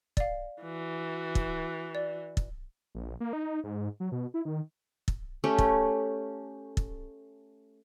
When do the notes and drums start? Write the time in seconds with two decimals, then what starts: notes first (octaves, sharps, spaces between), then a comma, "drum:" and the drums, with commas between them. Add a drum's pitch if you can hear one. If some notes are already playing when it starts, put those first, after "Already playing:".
0.17 D5 F5, drum: kick
0.62 E3 F#4
1.35 drum: kick
1.95 D5
2.37 drum: kick
2.95 A#1
3.20 A#3
3.33 D#4
3.64 G#2
4.00 F#3
4.12 B2
4.34 E4
4.45 D#3
5.08 drum: kick
5.44 A3 C#4 G4
5.58 drum: kick
6.77 drum: kick